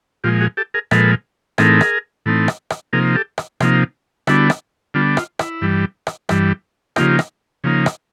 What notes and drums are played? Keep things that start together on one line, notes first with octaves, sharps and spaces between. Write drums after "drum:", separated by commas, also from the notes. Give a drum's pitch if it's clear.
A#2 F3 G#3 F4 G4
F#4 G#4
G4 A4
G#4 A#4
A#2 F3 G#3 A4 B4, drum: rim click
A2 E3 A3 C4 D#4 G#4 A#4, drum: rim click
drum: rim click
A2 E3 A3 C4 D#4
drum: rim click
drum: rim click
C3 F3 A#3 D#4 G#4 A#4
G4 A4
drum: rim click
C3 F3 A#3 D#4, drum: rim click
D3 G3 B3 D4 E4 F#4, drum: rim click
drum: rim click
D3 G3 B3 D4 F4
F4, drum: rim click
E4, drum: rim click
G2 E3 G3
drum: rim click
G2 E3 G3, drum: rim click
C#3 F3 A#3 D#4 F4 G4, drum: rim click
drum: rim click
C#3 F3 A#3 D#4
drum: rim click